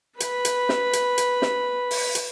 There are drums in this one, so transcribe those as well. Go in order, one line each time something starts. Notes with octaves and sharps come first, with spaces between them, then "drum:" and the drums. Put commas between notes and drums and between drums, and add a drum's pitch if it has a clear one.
B4 B5, drum: hi-hat
drum: hi-hat
drum: snare
drum: hi-hat
drum: hi-hat
drum: snare
drum: open hi-hat
drum: hi-hat